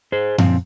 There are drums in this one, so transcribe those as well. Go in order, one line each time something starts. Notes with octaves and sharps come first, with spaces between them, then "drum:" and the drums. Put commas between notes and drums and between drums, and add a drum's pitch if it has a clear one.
G#4 C5
A#2 F3 C4, drum: tom F#2